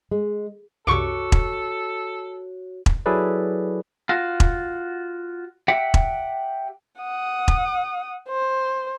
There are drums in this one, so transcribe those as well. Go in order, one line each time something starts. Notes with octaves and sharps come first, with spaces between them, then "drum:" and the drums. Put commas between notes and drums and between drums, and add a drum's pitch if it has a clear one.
G#3
C2 F#2 C3 F#4 A4 C#5 C#6 D6
drum: kick E1
drum: kick E1
F#3 E4 G#4 A4 B4 D5
F4 F#4
drum: kick E1
G4 E5 F#5 G5
drum: kick E1
F#5 D#6
drum: kick E1
C5